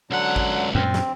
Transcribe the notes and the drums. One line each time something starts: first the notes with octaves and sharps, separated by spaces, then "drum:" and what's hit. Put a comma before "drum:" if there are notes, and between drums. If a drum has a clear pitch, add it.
C#2 D3 F#3 F#5
drum: kick G#1
F#2 A#2 C4
drum: snare